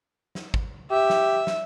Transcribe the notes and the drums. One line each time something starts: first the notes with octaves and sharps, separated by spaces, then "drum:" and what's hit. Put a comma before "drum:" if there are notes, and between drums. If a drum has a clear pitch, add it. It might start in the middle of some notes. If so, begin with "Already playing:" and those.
drum: snare
drum: kick
G4 E5
drum: snare
drum: snare